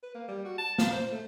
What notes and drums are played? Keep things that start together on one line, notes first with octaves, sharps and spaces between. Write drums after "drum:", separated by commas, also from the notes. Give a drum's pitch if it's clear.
B4
A#3
G3
F#4
A5
F5, drum: snare
C5
A3